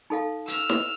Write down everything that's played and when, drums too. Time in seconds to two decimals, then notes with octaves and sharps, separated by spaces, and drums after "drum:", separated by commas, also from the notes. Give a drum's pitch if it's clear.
0.10 D#4 A4 F5
0.48 E6 F6, drum: hi-hat
0.69 drum: snare